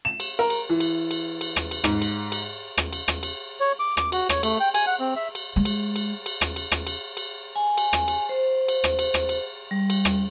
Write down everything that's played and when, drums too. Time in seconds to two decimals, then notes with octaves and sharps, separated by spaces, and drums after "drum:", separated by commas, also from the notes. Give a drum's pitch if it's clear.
0.05 E7
0.20 drum: cymbal
0.39 A#4
0.50 drum: cymbal
0.69 E3
0.80 drum: cymbal
1.11 drum: cymbal
1.41 drum: cymbal
1.56 drum: rim click
1.71 drum: cymbal
1.84 G#2, drum: rim click
2.02 drum: cymbal
2.32 drum: cymbal
2.77 drum: rim click
2.93 drum: cymbal
3.08 drum: rim click
3.23 drum: cymbal
3.60 C#5
3.79 D6
3.97 D6, drum: rim click
4.12 F#4, drum: cymbal
4.29 C#5, drum: rim click
4.43 A3, drum: cymbal
4.60 G5
4.74 G#5, drum: cymbal
4.87 F#5
5.00 C4
5.16 E5
5.35 drum: cymbal
5.56 G#3
5.65 drum: cymbal
5.96 drum: cymbal
6.26 drum: cymbal
6.41 drum: rim click
6.56 drum: cymbal
6.71 drum: rim click
6.87 drum: cymbal
7.17 drum: cymbal
7.56 G#5
7.78 drum: cymbal
7.93 drum: rim click
8.08 drum: cymbal
8.29 C5
8.68 drum: cymbal
8.84 drum: rim click
8.99 drum: cymbal
9.14 drum: rim click
9.29 drum: cymbal
9.71 G3
9.90 drum: cymbal
10.05 drum: rim click